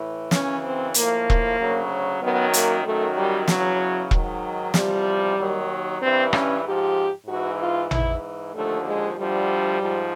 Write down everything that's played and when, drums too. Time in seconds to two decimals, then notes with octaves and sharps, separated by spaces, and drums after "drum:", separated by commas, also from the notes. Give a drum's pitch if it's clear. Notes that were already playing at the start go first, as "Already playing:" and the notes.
Already playing: A2 E3
0.31 F#2 C#3 E3 C#4, drum: snare
0.63 C4
0.94 A2 F3 A#3, drum: hi-hat
1.30 drum: kick E1
1.58 D2 C#3 F#3
2.22 F#2 D#3 F#3 B3
2.53 A#3, drum: hi-hat
2.84 F#2 D#3 F#3 A3
3.16 G3
3.48 E2 C#3 E3 F#3, drum: snare
4.11 G#2 D#3 F#3, drum: kick E1
4.74 E2 C3 F3 G3, drum: snare
5.38 D#2 D#3 F#3
6.00 G2 E3 C4
6.33 C#4, drum: rim click
6.64 G#2 F3 G4
7.27 G#2 E3 F#4
7.59 F4
7.91 G#2 E3 E4, drum: tom A1
8.53 D#2 D3 F3 A3
8.85 G#3
9.17 D2 D3 F3 G3
9.80 G#2 F3